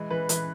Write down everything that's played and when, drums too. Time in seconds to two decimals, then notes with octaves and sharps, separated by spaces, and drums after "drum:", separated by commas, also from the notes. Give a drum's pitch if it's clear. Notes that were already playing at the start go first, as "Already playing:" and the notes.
Already playing: E3 G#3
0.10 E3 B4
0.29 E3 B4, drum: hi-hat